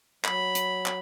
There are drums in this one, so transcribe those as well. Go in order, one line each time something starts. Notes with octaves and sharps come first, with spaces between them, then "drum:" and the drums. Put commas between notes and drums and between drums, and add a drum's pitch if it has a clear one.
F#3 B5, drum: clap
drum: hi-hat
drum: clap